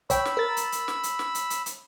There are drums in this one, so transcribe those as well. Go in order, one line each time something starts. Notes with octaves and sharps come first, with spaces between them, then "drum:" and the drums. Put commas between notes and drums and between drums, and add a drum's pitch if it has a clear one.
C#5 G5 B5 E6, drum: kick, hi-hat
drum: snare
A#4 A6
drum: hi-hat
drum: hi-hat
drum: snare
drum: hi-hat
drum: snare
drum: hi-hat
drum: hi-hat
drum: hi-hat